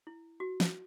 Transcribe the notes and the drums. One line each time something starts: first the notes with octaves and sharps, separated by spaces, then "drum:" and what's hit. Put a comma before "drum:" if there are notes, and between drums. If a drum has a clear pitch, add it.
E4
F#4
drum: snare